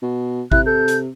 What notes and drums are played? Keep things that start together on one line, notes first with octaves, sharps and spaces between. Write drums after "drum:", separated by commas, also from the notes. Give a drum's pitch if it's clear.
B2
C3 E4 F#6, drum: kick G#1
A4 G6
drum: hi-hat